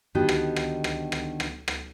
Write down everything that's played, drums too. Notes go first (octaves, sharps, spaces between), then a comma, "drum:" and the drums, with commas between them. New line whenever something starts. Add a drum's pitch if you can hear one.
D3 D#3 B3 D#4 F#4 G4
drum: rim click
drum: rim click
drum: rim click
drum: rim click
drum: rim click
drum: rim click